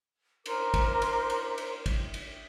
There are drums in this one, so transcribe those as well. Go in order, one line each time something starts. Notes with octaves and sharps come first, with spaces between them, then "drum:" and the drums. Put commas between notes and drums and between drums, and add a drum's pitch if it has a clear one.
A#4 C5 C6 D6, drum: cymbal
drum: kick, cymbal
drum: cymbal
drum: cymbal
drum: cymbal
drum: kick, cymbal
drum: cymbal